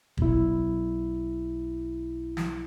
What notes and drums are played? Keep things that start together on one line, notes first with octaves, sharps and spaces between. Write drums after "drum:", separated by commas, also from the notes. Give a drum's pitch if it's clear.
B1 E4, drum: kick
drum: snare